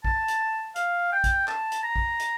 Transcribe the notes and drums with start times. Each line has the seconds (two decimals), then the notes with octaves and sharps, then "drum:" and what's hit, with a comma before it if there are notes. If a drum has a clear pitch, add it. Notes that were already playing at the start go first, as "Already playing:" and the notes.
0.05 A5, drum: kick
0.28 drum: hi-hat
0.76 F5, drum: hi-hat
1.12 G5
1.24 drum: kick, hi-hat
1.48 A5, drum: clap
1.72 drum: hi-hat
1.83 A#5
1.96 drum: kick
2.20 drum: hi-hat